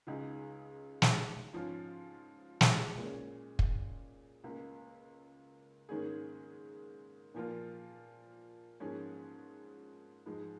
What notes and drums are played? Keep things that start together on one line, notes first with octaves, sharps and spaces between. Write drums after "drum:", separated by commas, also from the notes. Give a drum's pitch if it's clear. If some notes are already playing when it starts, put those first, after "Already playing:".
C#2 C#3 G#3 D#4 G#4
drum: snare
G#2 F3 C#4 F4
drum: snare
A#2 G#3 C#4
drum: kick
C#2 C#3 A#3
G#2 D#3 A#3 C#4 G#4
A#2 F3 A#3 F4
G#2 F3 A#3 C#4 G#4
G#2 F3 G#3